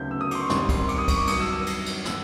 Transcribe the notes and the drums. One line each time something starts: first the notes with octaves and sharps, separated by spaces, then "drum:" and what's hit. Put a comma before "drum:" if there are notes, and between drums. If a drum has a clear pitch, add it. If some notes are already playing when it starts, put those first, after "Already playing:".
Already playing: D2 C#3 F#3 B3 D#4 G6
E6
D#6
C6 D6, drum: cymbal
C#6
D#2 D#3 G3 C4 C6, drum: snare
C6, drum: kick, cymbal
D6, drum: cymbal
D#6
C#6, drum: kick, cymbal
D6
G2 D#3 F#3 D#6, drum: cymbal
E6
E6
drum: cymbal
drum: cymbal
D#3 E6, drum: snare